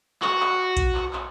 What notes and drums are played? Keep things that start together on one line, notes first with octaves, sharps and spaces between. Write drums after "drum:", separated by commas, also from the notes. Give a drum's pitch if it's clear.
F#4, drum: clap
drum: clap
drum: kick A#1, hi-hat
drum: clap
drum: clap